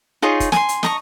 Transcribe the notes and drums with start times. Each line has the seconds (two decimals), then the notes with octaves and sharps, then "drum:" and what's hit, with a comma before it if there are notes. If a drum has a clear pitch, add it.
0.22 D#4 F4 G#4 C#5
0.40 drum: kick, hi-hat
0.52 G#5 C6, drum: snare
0.69 drum: hi-hat
0.83 D#5 A#5 C#6, drum: snare